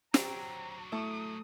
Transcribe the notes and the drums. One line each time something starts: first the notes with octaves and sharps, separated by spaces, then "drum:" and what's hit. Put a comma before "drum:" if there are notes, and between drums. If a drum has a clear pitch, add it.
F#3 C4 D4 F#4 G4 A#5, drum: snare
A3 E4 A4 C#6 D#6 E6